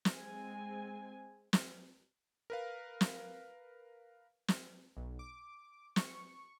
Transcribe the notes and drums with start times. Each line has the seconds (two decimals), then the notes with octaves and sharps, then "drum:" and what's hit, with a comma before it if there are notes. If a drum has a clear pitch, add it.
0.05 drum: snare
0.16 G#3 C4 G#5
1.53 drum: snare
2.50 A#4 B4 F5
3.01 drum: snare
4.48 drum: snare
4.97 B1
5.19 D6
5.96 C#6, drum: snare